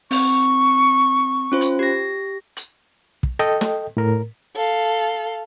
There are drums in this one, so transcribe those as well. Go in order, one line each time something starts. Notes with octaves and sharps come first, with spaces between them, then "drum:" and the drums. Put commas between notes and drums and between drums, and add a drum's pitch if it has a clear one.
C4 C#6, drum: open hi-hat
C#4 F4 C5
drum: hi-hat
G4 A#6
drum: hi-hat
drum: kick
A4 D#5 G5
drum: snare
A2 A#4
A4 F5